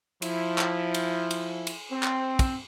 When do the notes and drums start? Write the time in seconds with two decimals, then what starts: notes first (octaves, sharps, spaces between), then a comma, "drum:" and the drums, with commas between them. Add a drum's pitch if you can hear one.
0.22 F3 E4, drum: cymbal
0.58 drum: clap
0.94 drum: cymbal
1.31 drum: cymbal
1.67 drum: cymbal
1.92 C4
2.03 drum: clap
2.39 drum: kick, cymbal